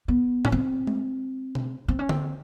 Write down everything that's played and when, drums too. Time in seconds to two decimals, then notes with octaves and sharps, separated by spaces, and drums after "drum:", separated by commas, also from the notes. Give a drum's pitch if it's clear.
0.08 B3
0.45 C#4, drum: tom A2
0.52 C4
0.87 drum: tom G#3
1.55 drum: tom B2
1.88 C4
1.99 C#4
2.09 C4, drum: tom D3